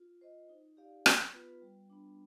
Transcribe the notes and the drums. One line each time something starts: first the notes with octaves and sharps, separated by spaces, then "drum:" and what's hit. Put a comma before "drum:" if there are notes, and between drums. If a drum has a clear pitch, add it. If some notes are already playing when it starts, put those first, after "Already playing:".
Already playing: F4
C5 D#5
D#4
G4 D5 F5
B3, drum: rim click
F4 B4
G3
B3 D4